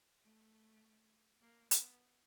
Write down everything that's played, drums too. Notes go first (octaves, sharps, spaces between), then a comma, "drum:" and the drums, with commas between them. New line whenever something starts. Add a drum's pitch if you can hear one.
A3
A#3
B3, drum: hi-hat